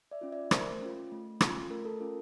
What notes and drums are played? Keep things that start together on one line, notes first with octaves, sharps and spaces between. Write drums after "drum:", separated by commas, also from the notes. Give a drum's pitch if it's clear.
D5 E5
C#4 F4
D5 E5
A3 A#4 C5, drum: rim click
C#4 F4
A3
C#4 F4, drum: rim click
A3 A#4
A4
C#4 F4 A#4